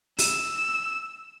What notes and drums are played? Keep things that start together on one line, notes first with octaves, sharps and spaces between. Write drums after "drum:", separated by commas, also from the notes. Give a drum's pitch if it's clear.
E6, drum: open hi-hat